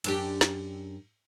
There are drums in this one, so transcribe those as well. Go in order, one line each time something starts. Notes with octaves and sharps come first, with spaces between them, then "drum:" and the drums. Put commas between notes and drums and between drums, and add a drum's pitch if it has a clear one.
F#2 D4 G4, drum: cymbal
drum: snare